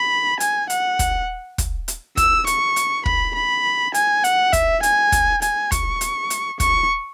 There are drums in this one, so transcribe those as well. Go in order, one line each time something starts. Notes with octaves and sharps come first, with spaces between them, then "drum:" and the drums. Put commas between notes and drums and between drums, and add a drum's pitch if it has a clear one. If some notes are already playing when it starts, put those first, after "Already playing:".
Already playing: B5
G#5, drum: hi-hat
F#5, drum: hi-hat
drum: kick, hi-hat
drum: kick, hi-hat
drum: hi-hat
E6, drum: kick, hi-hat
C#6, drum: hi-hat
drum: hi-hat
B5, drum: kick
B5
G#5, drum: hi-hat
F#5, drum: hi-hat
E5, drum: kick, hi-hat
G#5, drum: hi-hat
drum: kick, hi-hat
G#5, drum: hi-hat
C#6, drum: kick, hi-hat
drum: hi-hat
drum: hi-hat
C#6, drum: kick, hi-hat